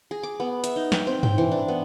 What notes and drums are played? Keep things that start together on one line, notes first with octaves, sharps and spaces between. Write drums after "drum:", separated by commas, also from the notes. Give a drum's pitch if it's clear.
G#4
D6
B3
E5, drum: hi-hat
D#4
G5, drum: snare
C4
G5, drum: tom G2
E3
D4
B3